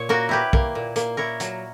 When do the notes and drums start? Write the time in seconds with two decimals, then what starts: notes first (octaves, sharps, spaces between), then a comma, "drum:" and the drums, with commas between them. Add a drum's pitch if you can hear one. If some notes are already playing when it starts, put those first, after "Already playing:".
Already playing: A#2 C#5
0.09 A#3 F#4 A#4
0.29 E4 G4 B4
0.53 A#3, drum: kick
0.75 A#2
0.96 A#3, drum: hi-hat
1.17 E4 A#4 C#5
1.40 F#3, drum: hi-hat